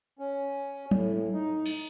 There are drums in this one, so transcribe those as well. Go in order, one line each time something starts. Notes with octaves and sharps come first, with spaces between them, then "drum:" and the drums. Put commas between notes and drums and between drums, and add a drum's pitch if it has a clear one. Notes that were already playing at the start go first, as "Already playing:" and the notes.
C#4
A2, drum: tom F#3
D#4
drum: cymbal